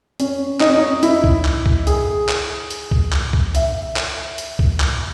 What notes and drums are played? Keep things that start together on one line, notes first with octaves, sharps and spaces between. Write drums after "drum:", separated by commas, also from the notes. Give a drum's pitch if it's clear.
C#4, drum: hi-hat
D#4, drum: clap
C#4
D#4
E4, drum: hi-hat
drum: kick C2
drum: clap
drum: kick C2
G#4, drum: hi-hat
drum: clap
drum: hi-hat
drum: kick C2
drum: clap
drum: kick C2
E5, drum: hi-hat
drum: clap
drum: hi-hat
drum: kick C2
drum: clap